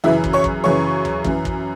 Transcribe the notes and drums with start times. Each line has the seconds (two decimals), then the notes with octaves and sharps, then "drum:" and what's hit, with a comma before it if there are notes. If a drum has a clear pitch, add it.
0.04 F#2 C#3 E3 E4 E5
0.24 drum: kick
0.33 C#5 C#6
0.44 drum: kick
0.64 F#2 C#3 E3 C#5 C#6
1.05 drum: tom D2
1.25 F#2 E3, drum: kick
1.45 drum: kick